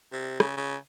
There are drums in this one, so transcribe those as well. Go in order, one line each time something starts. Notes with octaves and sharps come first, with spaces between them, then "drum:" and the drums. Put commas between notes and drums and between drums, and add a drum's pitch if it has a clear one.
C3
C#3, drum: rim click
C#3